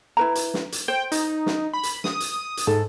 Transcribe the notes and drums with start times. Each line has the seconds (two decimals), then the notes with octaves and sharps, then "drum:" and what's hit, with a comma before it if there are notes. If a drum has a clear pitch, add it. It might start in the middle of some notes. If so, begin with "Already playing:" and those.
0.17 E4 B4 A#5
0.35 drum: hi-hat
0.54 drum: snare
0.72 drum: hi-hat
0.88 C5 G5
1.12 D#4, drum: hi-hat
1.46 drum: snare
1.73 B5
1.83 drum: hi-hat
2.04 D#6, drum: snare
2.20 drum: hi-hat
2.57 drum: hi-hat
2.67 G#2 A4